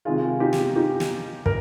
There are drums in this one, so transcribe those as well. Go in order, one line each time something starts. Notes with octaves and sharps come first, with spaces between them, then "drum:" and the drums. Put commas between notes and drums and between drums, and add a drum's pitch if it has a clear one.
C3 D#3 G#3 F4 G#4
D#4 G4
drum: snare
D#4 G4
drum: snare
A#4, drum: kick